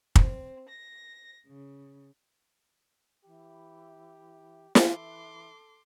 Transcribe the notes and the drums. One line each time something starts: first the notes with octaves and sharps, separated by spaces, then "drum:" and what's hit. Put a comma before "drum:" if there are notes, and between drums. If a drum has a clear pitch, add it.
C4, drum: kick
A#6
C#3
E3 G4
E3 A4 C6 D6, drum: snare